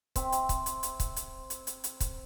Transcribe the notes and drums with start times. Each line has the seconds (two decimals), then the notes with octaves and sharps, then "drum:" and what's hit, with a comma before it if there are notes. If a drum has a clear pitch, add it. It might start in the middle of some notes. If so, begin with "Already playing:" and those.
0.16 C4 E5, drum: kick C#1, hi-hat
0.32 drum: hi-hat
0.49 drum: kick C#1, hi-hat
0.66 drum: hi-hat
0.83 drum: hi-hat
1.00 drum: kick C#1, hi-hat
1.16 drum: hi-hat
1.50 drum: hi-hat
1.67 drum: hi-hat
1.84 drum: hi-hat
2.00 drum: kick C#1, hi-hat